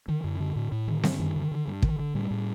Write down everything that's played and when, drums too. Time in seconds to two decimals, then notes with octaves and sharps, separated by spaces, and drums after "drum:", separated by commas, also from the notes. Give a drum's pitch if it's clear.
0.08 D3 D#3
0.24 F#2
0.40 D3
0.56 A2
0.72 A2
0.87 D3 D#3
1.03 G2, drum: snare C4
1.19 F#2 D#3
1.36 D3
1.51 D3
1.67 G2
1.82 D3 D#3, drum: kick
1.99 D3
2.15 A2 G3
2.31 A2